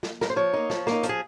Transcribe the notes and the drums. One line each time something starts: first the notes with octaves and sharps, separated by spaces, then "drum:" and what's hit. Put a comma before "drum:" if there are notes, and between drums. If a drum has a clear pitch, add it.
drum: snare
A#4, drum: snare
C5
F3 C#5
A#3 D#4
F3, drum: snare
A#3 D#4, drum: snare
F3, drum: hi-hat
G#4